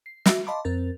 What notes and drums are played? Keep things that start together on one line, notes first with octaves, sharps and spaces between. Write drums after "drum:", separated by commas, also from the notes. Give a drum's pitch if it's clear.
C7
F#4 E5 A#6, drum: snare
D#5 F5 A5 B5 C6 D6
F2 C4 A#4 A6